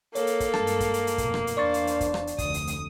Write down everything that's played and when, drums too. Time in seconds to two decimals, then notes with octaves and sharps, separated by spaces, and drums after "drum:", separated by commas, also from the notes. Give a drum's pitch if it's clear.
0.15 A#3 A4 C#5, drum: hi-hat
0.27 drum: hi-hat
0.40 drum: kick, hi-hat
0.54 G2 G#3 A5, drum: rim click
0.67 drum: hi-hat
0.80 drum: kick, hi-hat
0.94 drum: hi-hat
1.07 drum: hi-hat
1.18 F1 B2, drum: kick, hi-hat
1.34 drum: rim click
1.47 drum: hi-hat
1.57 E2 D4 C5 D5 F5 C#6 A6
1.74 drum: hi-hat
1.87 drum: hi-hat
2.01 drum: kick, hi-hat
2.14 drum: rim click
2.27 drum: hi-hat
2.38 F1 D2 D#6, drum: kick, hi-hat
2.54 drum: hi-hat
2.67 drum: hi-hat